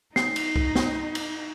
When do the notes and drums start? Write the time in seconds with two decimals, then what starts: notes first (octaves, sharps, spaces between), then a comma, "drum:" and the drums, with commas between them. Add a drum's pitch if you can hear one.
0.16 D#4 C7, drum: snare
0.36 drum: cymbal
0.56 drum: kick C2
0.75 drum: snare
1.15 drum: cymbal